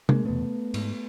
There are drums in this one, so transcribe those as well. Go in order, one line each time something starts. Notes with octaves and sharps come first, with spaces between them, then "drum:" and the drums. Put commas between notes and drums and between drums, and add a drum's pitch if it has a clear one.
G#3 A#3, drum: tom C3
E2 B2 A3 B3
G#2, drum: cymbal